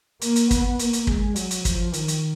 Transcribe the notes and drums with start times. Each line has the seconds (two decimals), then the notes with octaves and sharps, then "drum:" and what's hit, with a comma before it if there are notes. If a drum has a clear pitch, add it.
0.22 A#3, drum: hi-hat
0.36 drum: hi-hat
0.51 B3, drum: kick, hi-hat
0.79 A#3, drum: hi-hat
0.93 drum: hi-hat
1.07 G#3, drum: kick
1.36 F#3, drum: hi-hat
1.51 drum: hi-hat
1.65 F3, drum: kick, hi-hat
1.94 D#3, drum: hi-hat
2.08 drum: hi-hat